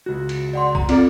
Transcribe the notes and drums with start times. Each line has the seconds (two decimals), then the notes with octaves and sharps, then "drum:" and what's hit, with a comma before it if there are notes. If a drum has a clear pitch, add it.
0.06 C#2 F#4
0.29 drum: cymbal
0.53 D5 F#5 C6
0.75 A#5, drum: kick
0.89 C4 F4 A4 D5, drum: cymbal